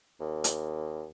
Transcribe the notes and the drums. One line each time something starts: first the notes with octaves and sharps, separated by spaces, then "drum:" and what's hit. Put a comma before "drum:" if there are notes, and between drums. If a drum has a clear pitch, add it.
D#2
drum: hi-hat